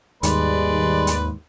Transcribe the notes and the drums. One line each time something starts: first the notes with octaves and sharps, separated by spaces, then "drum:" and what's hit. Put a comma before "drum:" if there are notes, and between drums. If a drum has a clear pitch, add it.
D#2 G#2 D#3 G3 G#3 B4 D5 C6, drum: hi-hat
drum: hi-hat